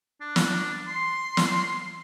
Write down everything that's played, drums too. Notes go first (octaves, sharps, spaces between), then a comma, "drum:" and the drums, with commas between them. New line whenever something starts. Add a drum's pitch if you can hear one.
D4
drum: snare
C6
drum: snare